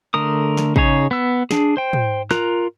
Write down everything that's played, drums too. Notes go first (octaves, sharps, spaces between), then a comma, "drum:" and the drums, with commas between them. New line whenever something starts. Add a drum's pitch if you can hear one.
D3 A3 A#4 D#6
drum: snare
C#3 D#4 G#4 C#5, drum: kick
B3 E6
D4 G#4, drum: snare
C5 G5
drum: tom
F4 A#4 A#5 F#6, drum: snare